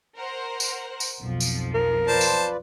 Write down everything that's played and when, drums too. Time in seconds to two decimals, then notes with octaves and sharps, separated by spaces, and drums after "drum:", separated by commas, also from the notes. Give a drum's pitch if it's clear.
0.16 A#4 C5 F#5
0.60 drum: tambourine
1.00 drum: tambourine
1.20 B1 F2 F3
1.40 drum: tambourine
1.74 A#4
2.07 F4 B4 C5 D5 A5
2.21 drum: tambourine